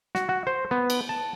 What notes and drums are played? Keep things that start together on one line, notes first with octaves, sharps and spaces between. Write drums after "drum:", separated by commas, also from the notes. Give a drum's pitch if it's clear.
F#4, drum: snare
F#4
C5
B3
drum: cymbal
A5